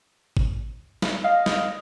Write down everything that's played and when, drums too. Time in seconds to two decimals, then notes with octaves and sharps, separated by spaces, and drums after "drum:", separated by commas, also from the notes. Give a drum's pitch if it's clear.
0.37 drum: kick
1.02 drum: snare
1.24 D#5 F5
1.46 drum: snare